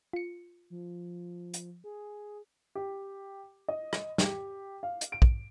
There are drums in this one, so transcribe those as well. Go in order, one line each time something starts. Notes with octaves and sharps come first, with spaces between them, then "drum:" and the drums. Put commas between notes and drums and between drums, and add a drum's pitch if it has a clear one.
F4 C#7
F3
drum: hi-hat
G#4
G4
D#5
drum: rim click
G4, drum: snare
F5
drum: hi-hat
D7
drum: kick